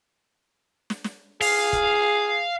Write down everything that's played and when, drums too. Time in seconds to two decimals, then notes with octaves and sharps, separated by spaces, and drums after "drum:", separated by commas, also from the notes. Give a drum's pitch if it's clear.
0.90 drum: snare
1.04 drum: snare
1.41 G#4 F5, drum: open hi-hat
1.73 drum: kick